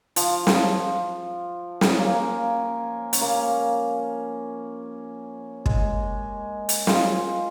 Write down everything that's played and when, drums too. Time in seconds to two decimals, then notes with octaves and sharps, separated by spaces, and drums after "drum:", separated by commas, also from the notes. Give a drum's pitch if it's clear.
0.16 F3, drum: hi-hat
0.47 F3, drum: snare
1.81 drum: snare
1.91 C#4
1.99 A#3
3.13 C#4, drum: hi-hat
3.21 A#3
5.66 G#3, drum: kick
6.69 drum: hi-hat
6.87 F4, drum: snare